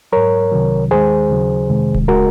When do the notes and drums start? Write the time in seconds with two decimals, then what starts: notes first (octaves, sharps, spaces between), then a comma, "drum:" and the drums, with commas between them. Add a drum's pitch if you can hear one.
0.12 G#2 F#3 A#4 C#5
0.52 C2 C3 D#3 F#3
0.91 D#2 D#3 G#3 G#4 C5
1.30 D#2 C#3 F#3
1.69 F2 C3 D#3 G#3
1.94 drum: kick D1
2.08 C#3 G#3 F#4 A#4